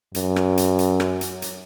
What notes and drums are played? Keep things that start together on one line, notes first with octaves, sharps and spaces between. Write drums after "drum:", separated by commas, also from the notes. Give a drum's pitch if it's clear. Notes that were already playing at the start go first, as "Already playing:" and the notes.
F#2, drum: hi-hat
drum: rim click
drum: hi-hat
drum: hi-hat
drum: rim click
drum: hi-hat
drum: hi-hat